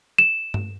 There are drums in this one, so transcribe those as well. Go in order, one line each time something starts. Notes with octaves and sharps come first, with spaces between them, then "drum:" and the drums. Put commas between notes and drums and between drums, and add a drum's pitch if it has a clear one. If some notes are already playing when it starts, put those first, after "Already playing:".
E7
drum: tom G2